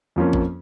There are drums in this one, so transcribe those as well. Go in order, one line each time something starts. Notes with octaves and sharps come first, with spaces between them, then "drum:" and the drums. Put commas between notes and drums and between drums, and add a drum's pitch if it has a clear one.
F2 F3 A#3 C#4
drum: kick G#1